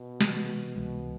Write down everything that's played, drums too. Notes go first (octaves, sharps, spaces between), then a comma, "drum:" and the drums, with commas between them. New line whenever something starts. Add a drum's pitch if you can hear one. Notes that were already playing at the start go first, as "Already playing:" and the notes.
Already playing: B2
C3 E3 G#3, drum: snare
C#2 C3 E3 G#3